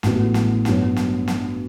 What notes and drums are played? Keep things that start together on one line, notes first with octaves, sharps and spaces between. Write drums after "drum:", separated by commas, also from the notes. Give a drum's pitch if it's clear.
A1 A2 G3 B3 F#4, drum: snare
drum: snare
G2 F#3 B3 F#4 C#5, drum: snare
drum: snare
drum: snare